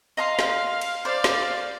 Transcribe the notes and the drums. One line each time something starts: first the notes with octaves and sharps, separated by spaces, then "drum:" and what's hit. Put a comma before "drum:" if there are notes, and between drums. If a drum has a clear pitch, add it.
D#5 F5 A#5 C6
drum: snare
drum: cymbal
C5 D5 F5
drum: snare